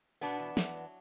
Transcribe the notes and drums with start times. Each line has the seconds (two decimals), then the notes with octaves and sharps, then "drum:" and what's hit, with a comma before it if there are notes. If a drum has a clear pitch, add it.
0.21 B2 B3 D4
0.39 E2
0.57 E2, drum: snare
0.74 F#3